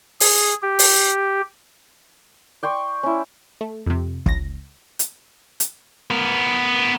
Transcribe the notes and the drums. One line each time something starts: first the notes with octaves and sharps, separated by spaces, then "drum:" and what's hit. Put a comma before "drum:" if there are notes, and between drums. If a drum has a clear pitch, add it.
G#4, drum: open hi-hat
G4
drum: open hi-hat
D5 G5 C6 C#6
C#4 E4
A3
F2 C3
C#2 A#6, drum: kick
drum: hi-hat
drum: hi-hat
B3 A#4